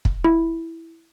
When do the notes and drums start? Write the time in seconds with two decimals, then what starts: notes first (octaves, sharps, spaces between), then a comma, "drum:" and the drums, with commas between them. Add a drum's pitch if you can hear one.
0.05 drum: kick
0.24 E4